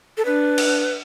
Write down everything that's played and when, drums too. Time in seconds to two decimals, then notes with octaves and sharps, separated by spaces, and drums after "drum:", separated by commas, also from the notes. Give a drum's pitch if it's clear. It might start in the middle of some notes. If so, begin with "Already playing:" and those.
0.17 A4
0.25 D4 B4
0.58 drum: cymbal